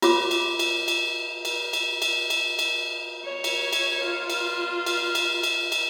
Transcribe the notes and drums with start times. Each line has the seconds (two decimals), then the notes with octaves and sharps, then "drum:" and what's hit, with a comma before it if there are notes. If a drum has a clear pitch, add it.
0.02 F4 F#4 C#5 D6, drum: cymbal
0.31 drum: cymbal
0.59 drum: cymbal
0.88 drum: cymbal
1.45 drum: cymbal
1.73 drum: cymbal
2.02 drum: cymbal
2.30 drum: cymbal
2.59 drum: cymbal
3.25 C#5
3.44 drum: cymbal
3.73 drum: cymbal
4.04 F4
4.30 drum: cymbal
4.86 drum: cymbal
5.15 drum: cymbal
5.43 drum: cymbal
5.72 drum: cymbal